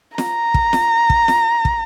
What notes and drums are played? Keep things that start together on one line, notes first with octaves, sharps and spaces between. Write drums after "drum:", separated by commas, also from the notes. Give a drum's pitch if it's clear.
A#5, drum: snare
drum: kick
drum: snare
drum: kick
drum: snare
drum: kick